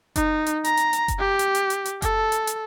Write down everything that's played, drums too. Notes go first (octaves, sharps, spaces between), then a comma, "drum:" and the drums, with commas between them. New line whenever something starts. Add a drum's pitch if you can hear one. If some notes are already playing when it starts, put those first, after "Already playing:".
D#4, drum: kick F#1, hi-hat
drum: hi-hat
A#5, drum: hi-hat
drum: hi-hat
drum: hi-hat
drum: kick F#1, hi-hat
G4
drum: hi-hat
drum: hi-hat
drum: hi-hat
drum: hi-hat
A4, drum: kick F#1, hi-hat
drum: hi-hat
drum: hi-hat